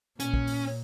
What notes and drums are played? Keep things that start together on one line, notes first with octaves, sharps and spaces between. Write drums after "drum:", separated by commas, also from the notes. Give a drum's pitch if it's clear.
A#2 C#4, drum: hi-hat
drum: kick A#1
drum: open hi-hat